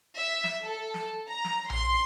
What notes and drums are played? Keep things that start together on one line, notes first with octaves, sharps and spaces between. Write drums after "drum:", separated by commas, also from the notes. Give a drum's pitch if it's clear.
E5
drum: snare
A4
drum: snare
A#5
drum: snare
C6, drum: tom A#1